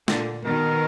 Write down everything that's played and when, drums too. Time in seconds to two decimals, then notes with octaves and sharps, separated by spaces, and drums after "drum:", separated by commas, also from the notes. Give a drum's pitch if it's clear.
0.08 A#2 D3, drum: snare
0.45 B2 D#3 A#4